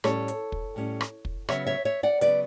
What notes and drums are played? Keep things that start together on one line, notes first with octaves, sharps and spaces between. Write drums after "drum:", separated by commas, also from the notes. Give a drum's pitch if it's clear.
A2 G3 C#4 A4 C#5, drum: rim click
drum: hi-hat
drum: kick
A2 G3 C#4
drum: rim click
drum: kick
C#3 F#3 B3 C#5 E5, drum: rim click
C#5 E5
C#5 E5
D5 F#5
C#3 F#3 B3 B4 D5, drum: hi-hat